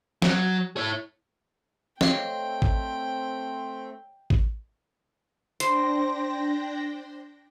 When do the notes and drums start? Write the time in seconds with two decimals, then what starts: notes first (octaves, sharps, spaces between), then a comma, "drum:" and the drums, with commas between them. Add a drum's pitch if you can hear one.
0.22 F#3, drum: snare
0.77 E4 C#5
2.01 A3 C4 C#5 D#5 F5 G5, drum: snare
2.62 drum: kick A1
4.30 drum: kick A1
5.60 D4 C5 G5 A#6, drum: hi-hat